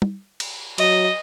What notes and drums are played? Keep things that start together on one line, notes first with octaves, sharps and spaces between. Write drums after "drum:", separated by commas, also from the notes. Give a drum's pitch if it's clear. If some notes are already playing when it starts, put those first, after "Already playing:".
drum: tom
drum: cymbal
F#3 D#5, drum: cymbal